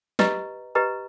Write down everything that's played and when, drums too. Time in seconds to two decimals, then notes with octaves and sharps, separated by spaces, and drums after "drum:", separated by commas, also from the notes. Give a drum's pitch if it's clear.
0.19 G4 B4 D#5 A#5, drum: snare
0.75 G4 B4 D#5 A#5